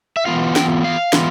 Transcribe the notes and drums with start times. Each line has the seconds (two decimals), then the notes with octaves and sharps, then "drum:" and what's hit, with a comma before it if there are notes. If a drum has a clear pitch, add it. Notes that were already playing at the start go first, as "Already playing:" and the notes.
0.17 E5
0.26 E3 B3 F4 F5
0.56 G5, drum: snare
0.84 F5
1.13 E3 B3 F4, drum: snare